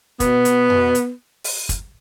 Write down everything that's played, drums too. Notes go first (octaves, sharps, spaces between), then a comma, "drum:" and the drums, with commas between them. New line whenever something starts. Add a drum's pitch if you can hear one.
B2 B3, drum: kick, hi-hat
B2, drum: hi-hat
B2, drum: tom F2
drum: hi-hat
drum: open hi-hat
drum: kick, hi-hat